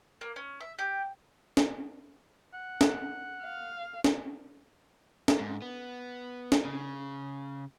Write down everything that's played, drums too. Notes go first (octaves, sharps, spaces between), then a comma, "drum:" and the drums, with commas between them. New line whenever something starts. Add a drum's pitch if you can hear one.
A#3
C#4
E5
G4
drum: snare
F#5
drum: snare
F5
drum: snare
drum: snare
G#2
B3
drum: snare
C#3